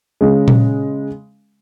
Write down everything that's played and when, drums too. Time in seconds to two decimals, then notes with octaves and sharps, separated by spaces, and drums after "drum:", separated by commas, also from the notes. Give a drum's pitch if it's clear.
0.21 C#3 G#3
0.48 drum: tom A#2